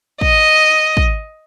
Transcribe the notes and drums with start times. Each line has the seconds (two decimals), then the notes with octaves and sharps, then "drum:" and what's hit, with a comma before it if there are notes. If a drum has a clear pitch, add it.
0.21 D#5, drum: kick
0.97 drum: kick